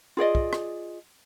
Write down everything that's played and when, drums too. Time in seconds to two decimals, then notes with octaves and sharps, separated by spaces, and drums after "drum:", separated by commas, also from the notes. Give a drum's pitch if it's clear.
0.17 F4 G#4 D5 D#5
0.35 drum: kick
0.53 drum: rim click